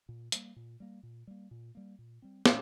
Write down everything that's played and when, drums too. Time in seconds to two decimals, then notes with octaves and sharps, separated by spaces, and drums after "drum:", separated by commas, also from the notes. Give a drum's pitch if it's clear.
0.09 A#2
0.32 G3 A#3, drum: hi-hat
0.56 A#2
0.80 G3 A#3
1.03 A#2
1.27 G3 A#3
1.51 A#2
1.75 G3 A#3
1.99 A#2
2.22 G3 C4
2.46 A#2, drum: snare